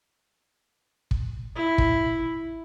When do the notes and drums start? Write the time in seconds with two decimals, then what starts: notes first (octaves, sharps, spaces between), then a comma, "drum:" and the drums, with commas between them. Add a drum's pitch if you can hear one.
1.11 drum: kick
1.56 E4
1.78 drum: kick